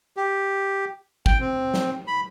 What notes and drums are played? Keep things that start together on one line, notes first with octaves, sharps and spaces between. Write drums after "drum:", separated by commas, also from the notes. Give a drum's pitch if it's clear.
G4
G5, drum: kick
C4
drum: snare
B5